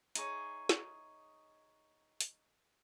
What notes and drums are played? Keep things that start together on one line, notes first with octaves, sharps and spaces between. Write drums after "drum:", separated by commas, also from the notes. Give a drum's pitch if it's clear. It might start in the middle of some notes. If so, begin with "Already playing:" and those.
D#4 G#4 C#5 E5, drum: hi-hat
drum: snare
drum: hi-hat